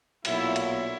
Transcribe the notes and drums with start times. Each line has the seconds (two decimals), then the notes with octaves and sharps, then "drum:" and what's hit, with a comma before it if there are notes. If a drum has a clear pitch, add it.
0.25 B1 A#2 F#3 E4, drum: cymbal
0.56 E4, drum: cymbal